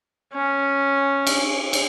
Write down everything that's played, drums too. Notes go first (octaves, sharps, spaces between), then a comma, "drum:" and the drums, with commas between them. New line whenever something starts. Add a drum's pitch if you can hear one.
C#4
drum: cymbal
drum: cymbal